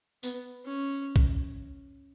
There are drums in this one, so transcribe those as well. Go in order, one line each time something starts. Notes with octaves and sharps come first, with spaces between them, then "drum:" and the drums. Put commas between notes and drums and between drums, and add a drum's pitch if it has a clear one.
B3, drum: tambourine
C#4
drum: kick B1